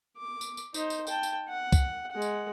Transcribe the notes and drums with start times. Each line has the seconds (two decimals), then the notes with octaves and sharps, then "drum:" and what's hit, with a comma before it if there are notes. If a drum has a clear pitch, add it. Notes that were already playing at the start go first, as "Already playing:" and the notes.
0.17 D6
0.41 drum: tambourine
0.57 drum: tambourine
0.74 D#4 C5, drum: tambourine
0.90 drum: tambourine
1.07 G5 A5, drum: tambourine
1.23 drum: tambourine
1.48 F#5
1.72 drum: kick C2, tambourine
2.11 G#3 F#5
2.22 drum: tambourine